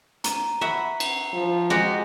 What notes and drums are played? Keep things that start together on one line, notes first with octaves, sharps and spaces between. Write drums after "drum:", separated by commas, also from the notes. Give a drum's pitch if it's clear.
A#5 D#7, drum: hi-hat
E5 F#5 B5 C#6
drum: cymbal
F3
G#3 F#4 G4 D5